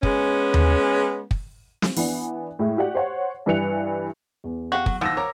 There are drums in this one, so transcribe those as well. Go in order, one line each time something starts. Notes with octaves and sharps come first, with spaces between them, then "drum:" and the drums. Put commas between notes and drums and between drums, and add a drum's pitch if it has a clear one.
G#3 B3 C#4, drum: kick
drum: tom D#2
drum: kick
drum: snare
E3 B3 D4, drum: open hi-hat
A2 G#3 E4
F#4 G4 D5 F#5
C5 C#5 F#5
G2 E3 B4 E5 C#7 F7
E2
F#4 G4 F5 F#5
F#3, drum: kick
D#2 F3 F#5 E6 A#6
A#4 C#5 A#5 D6